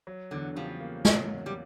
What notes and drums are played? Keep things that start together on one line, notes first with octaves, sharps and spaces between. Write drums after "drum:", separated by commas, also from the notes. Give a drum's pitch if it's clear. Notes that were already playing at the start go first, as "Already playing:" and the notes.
F#3
E2 D3
C#3 F3 G3
A#3
F#3, drum: snare
E2
G3